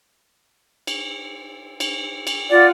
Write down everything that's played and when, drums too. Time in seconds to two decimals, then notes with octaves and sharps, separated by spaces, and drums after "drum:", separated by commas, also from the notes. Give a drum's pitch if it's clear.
0.87 drum: cymbal
1.80 drum: cymbal
2.27 drum: cymbal
2.50 F4 D5 F#5